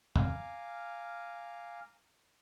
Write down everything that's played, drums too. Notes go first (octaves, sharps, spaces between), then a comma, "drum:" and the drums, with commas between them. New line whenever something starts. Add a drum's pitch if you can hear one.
F5 G#5 A#5 D6 F6, drum: tom E2